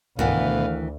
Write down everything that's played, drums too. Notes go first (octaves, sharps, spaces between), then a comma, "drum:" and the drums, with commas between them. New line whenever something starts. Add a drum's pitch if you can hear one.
D2 B2 D#3 E3 F5 F#5, drum: tom G2